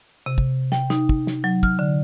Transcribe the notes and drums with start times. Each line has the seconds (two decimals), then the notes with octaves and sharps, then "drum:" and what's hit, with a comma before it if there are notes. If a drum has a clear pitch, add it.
0.26 C3
0.38 drum: kick
0.72 G5, drum: snare
0.90 D#4, drum: snare
1.09 drum: kick
1.27 drum: snare
1.44 F#3
1.63 F6, drum: kick
1.79 D3